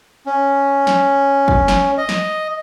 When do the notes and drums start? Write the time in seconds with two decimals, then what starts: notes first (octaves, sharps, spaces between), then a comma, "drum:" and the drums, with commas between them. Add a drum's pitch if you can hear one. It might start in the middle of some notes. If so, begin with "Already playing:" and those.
0.26 C#4
0.87 drum: snare
1.48 drum: kick
1.68 drum: snare
1.98 D#5
2.09 drum: snare